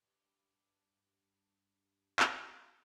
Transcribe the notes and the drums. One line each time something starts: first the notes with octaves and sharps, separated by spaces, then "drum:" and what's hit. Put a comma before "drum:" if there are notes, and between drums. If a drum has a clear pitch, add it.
G2 G4
drum: clap